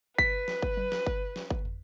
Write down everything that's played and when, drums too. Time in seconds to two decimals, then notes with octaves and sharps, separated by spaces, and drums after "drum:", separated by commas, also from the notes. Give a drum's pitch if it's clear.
0.18 B4 B6, drum: kick G1
0.48 drum: snare
0.62 drum: kick G1
0.77 drum: tom F#3
0.92 drum: snare
1.06 drum: kick G1
1.36 drum: snare
1.50 drum: kick G1
1.65 drum: tom